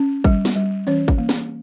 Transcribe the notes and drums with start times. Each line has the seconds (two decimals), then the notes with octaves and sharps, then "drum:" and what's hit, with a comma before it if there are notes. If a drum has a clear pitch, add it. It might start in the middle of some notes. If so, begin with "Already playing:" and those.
Already playing: C#4
0.24 G3, drum: kick
0.45 drum: snare
0.55 G3
0.87 E3 C#4 C#5
1.08 drum: kick
1.18 A#3
1.29 drum: snare